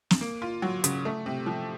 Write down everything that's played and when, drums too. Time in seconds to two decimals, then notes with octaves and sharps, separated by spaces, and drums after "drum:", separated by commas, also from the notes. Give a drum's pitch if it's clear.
0.11 drum: snare
0.21 A#3
0.42 F4
0.62 F#3
0.84 C#3, drum: hi-hat
1.05 A3
1.26 C3
1.46 F3